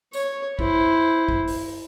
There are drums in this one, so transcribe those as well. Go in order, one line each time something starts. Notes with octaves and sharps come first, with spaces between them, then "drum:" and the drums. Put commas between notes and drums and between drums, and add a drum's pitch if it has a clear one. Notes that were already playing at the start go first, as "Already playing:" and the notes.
C#5, drum: tambourine
E4 C5, drum: kick
drum: kick
drum: open hi-hat